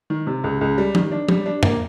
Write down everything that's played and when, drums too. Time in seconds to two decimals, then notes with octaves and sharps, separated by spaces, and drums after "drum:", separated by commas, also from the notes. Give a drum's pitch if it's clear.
0.10 D#3
0.27 C3
0.44 C#2
0.61 C#2
0.78 G3
0.95 D#3, drum: tom F3
1.11 D4
1.29 G3, drum: tom F3
1.46 D4
1.63 A#3, drum: tom F2